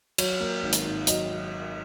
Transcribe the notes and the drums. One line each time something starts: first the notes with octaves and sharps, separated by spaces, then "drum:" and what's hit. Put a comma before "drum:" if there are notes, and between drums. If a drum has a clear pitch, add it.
F#3 C#5, drum: cymbal
A#3
G#1
drum: hi-hat
G#2
F#3 D#5, drum: hi-hat
F#3